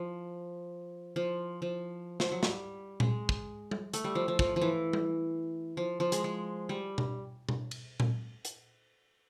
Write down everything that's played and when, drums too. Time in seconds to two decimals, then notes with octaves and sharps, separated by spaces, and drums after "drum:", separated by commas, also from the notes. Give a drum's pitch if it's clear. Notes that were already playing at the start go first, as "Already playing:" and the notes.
Already playing: F3
1.16 F3
1.62 F3
2.20 F3, drum: snare
2.32 F#3
2.43 G3, drum: snare
3.00 G#3, drum: tom A#2
3.29 drum: kick
3.71 drum: tom G3
3.94 A3, drum: hi-hat
4.04 G3
4.15 F3
4.28 F3
4.39 F3, drum: kick
4.56 F3
4.62 E3
4.93 drum: tom G3
5.77 F3
6.00 F3
6.12 G#3, drum: hi-hat
6.24 G#3
6.69 G3
6.98 drum: tom B2
7.49 drum: tom B2
7.71 drum: cymbal
8.00 drum: tom A#2
8.45 drum: hi-hat